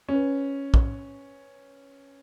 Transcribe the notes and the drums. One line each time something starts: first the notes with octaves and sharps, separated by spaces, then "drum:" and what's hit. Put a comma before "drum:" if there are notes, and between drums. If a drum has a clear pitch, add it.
C#4 B4
drum: kick